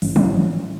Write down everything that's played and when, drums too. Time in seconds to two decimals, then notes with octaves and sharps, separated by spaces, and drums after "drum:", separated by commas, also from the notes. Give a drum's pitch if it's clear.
0.02 A1, drum: open hi-hat
0.16 A1, drum: tom F3